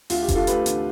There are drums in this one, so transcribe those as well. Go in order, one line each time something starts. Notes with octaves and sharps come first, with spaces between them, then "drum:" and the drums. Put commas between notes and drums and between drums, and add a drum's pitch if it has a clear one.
D2 F4, drum: open hi-hat
G4
D3, drum: kick F1, hi-hat
F4 A4
A3 G4 B4, drum: hi-hat
D3, drum: hi-hat